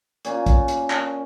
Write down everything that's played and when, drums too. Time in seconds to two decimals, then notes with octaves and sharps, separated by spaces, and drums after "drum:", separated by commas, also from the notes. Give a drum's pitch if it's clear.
0.25 A#2 C#4 G#5, drum: hi-hat
0.46 drum: kick, hi-hat
0.68 drum: hi-hat
0.90 drum: clap